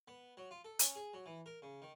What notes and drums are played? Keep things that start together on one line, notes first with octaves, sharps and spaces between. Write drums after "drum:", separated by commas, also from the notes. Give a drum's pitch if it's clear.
B3
F#3
F4
A4
C#4, drum: hi-hat
G#4
F#3
E3
A#4
C#3
D#3